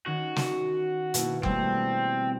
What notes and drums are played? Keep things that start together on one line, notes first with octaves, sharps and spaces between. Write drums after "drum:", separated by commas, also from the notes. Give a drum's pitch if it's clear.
D#3 C#4 F#4
drum: snare
B2 A#3 E4, drum: hi-hat
B2 G3 A3 C4, drum: kick F#1